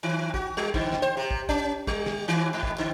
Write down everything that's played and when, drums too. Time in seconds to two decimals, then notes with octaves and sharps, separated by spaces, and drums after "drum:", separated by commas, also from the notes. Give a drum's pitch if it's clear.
0.03 D#3
0.34 F#4, drum: kick
0.57 G3
0.74 D3, drum: kick
0.93 drum: snare
1.02 C5
1.17 C3
1.31 drum: kick
1.49 C#4, drum: kick
1.87 G3, drum: kick
2.06 drum: snare
2.28 D#3
2.53 G#2
2.63 drum: kick
2.78 D3